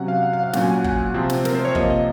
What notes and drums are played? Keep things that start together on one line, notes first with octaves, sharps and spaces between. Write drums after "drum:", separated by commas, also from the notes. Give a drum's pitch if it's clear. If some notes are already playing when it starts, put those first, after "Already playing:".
Already playing: C3 F#3 C#4 F#5
F5
F#5
F5
F5
A#2 F#3 C#4 F#5, drum: snare
G#5
F#5
F#5, drum: kick
C3 F3 C4
drum: snare
A#4, drum: snare
C5
C#5
C3 F3 A#3 D#5, drum: kick
D#5